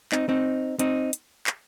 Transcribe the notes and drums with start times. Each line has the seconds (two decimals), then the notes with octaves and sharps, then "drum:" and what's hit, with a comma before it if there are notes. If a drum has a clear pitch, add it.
0.12 C4 D#4, drum: clap
0.29 C4 D#4
0.79 C4 D#4, drum: hi-hat
1.13 drum: hi-hat
1.47 drum: clap